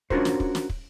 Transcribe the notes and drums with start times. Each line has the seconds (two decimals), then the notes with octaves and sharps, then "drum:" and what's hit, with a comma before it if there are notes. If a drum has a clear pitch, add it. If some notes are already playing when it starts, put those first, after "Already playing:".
0.10 C#4 D4 F4 F#4 A#4 C5, drum: kick
0.25 drum: snare
0.40 drum: kick
0.55 drum: snare
0.69 drum: kick